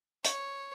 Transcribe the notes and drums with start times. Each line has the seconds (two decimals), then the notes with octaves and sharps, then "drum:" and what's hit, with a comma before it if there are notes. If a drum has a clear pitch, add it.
0.25 C#5, drum: hi-hat